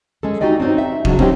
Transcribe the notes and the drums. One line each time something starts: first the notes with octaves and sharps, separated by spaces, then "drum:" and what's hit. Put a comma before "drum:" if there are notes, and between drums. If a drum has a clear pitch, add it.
G#3 C#4 A4
D#4 F#4 G4 D5 D#5
C4 C#4 D#4 F#4 C5
E5
G#2 C#3 F#3 G#3 D4, drum: kick
C4 C#4 D#4 F4 G4, drum: kick